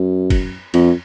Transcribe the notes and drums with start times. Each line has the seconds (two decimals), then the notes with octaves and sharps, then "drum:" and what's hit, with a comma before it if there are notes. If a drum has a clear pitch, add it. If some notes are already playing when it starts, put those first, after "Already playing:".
Already playing: F#2
0.30 drum: kick, cymbal
0.74 F2, drum: cymbal